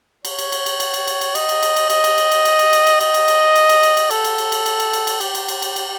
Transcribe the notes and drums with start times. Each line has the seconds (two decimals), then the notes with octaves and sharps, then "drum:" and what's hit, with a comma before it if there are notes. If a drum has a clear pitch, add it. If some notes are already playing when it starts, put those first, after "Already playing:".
0.25 C#5, drum: cymbal
0.39 drum: cymbal
0.52 drum: cymbal
0.66 drum: cymbal
0.80 drum: cymbal
0.94 drum: cymbal
1.07 drum: cymbal
1.21 drum: cymbal
1.35 D#5, drum: cymbal
1.49 drum: cymbal
1.63 drum: cymbal
1.76 drum: cymbal
1.90 D#5, drum: cymbal
2.04 drum: cymbal
2.18 drum: cymbal
2.31 drum: cymbal
2.45 drum: cymbal
2.59 drum: cymbal
2.73 drum: cymbal
2.87 drum: cymbal
3.00 D#5, drum: cymbal
3.14 drum: cymbal
3.28 drum: cymbal
3.55 drum: cymbal
3.69 drum: cymbal
3.83 drum: cymbal
3.97 drum: cymbal
4.11 A4, drum: cymbal
4.24 drum: cymbal
4.38 drum: cymbal
4.52 drum: cymbal
4.66 drum: cymbal
4.80 drum: cymbal
4.93 drum: cymbal
5.07 drum: cymbal
5.21 G4, drum: cymbal
5.35 drum: cymbal
5.48 drum: cymbal
5.62 drum: cymbal
5.76 drum: cymbal